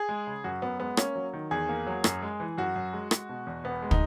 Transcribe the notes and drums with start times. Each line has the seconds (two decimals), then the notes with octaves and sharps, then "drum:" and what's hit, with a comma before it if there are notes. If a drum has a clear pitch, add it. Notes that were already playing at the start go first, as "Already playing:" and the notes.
Already playing: G#4
0.09 G#3
0.27 C#3
0.44 F#2 F#4
0.62 F#2 B3
0.79 G#3 B3
0.97 A#3 C#4, drum: rim click
1.16 F#3
1.33 D#3
1.51 E2 G#4
1.69 A#3
1.87 F#3
2.04 F#2, drum: rim click
2.22 G#3
2.40 E3
2.58 F#2 F#4
2.76 F#2
2.93 G#3
3.11 G#3, drum: rim click
3.29 B2
3.47 E2
3.64 E1 B3
3.82 G#3
3.91 D#4, drum: kick